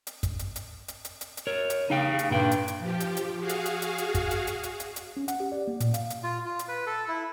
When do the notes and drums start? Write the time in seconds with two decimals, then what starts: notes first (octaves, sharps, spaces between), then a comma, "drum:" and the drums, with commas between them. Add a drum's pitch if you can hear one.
0.07 drum: hi-hat
0.23 drum: kick, hi-hat
0.39 drum: hi-hat
0.56 drum: hi-hat
0.88 drum: hi-hat
1.05 drum: hi-hat
1.21 drum: hi-hat
1.37 drum: hi-hat
1.47 A#4 C#5
1.70 drum: hi-hat
1.90 C#3 D#4 F5 G5
2.19 drum: hi-hat
2.31 G2 A#2 G5
2.51 drum: hi-hat
2.68 drum: hi-hat
2.80 F3 G4
3.00 drum: hi-hat
3.17 drum: hi-hat
3.40 F#4 G#4 F5
3.49 drum: hi-hat
3.66 drum: hi-hat
3.82 drum: hi-hat
3.98 drum: hi-hat
4.15 drum: kick, hi-hat
4.31 drum: hi-hat
4.47 drum: hi-hat
4.63 drum: hi-hat
4.80 drum: hi-hat
4.96 drum: hi-hat
5.17 C#4
5.28 F#5, drum: hi-hat
5.40 G4
5.52 D5
5.68 A#3
5.80 A#2, drum: hi-hat
5.94 F5, drum: hi-hat
6.10 drum: hi-hat
6.23 F4
6.45 F4
6.59 drum: hi-hat
6.68 B4
6.86 A4
7.08 E4